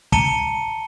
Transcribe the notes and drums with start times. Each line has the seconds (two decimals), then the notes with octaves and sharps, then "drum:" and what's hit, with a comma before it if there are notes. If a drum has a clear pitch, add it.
0.12 A5 A#5 C#7 D#7 G7, drum: kick